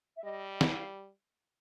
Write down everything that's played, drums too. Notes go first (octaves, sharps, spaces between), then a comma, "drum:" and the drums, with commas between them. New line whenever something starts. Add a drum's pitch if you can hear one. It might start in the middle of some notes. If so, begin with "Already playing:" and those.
E5
G3 D#5
drum: snare
F5